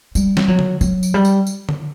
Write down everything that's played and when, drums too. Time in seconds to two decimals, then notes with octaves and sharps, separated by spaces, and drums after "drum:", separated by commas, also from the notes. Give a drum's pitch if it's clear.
0.15 G3, drum: tambourine
0.37 drum: snare
0.48 F#3
0.59 drum: tom D3
0.81 F#3, drum: tambourine
1.03 drum: tambourine
1.14 G3
1.25 drum: tambourine
1.47 drum: tambourine
1.69 drum: tom D3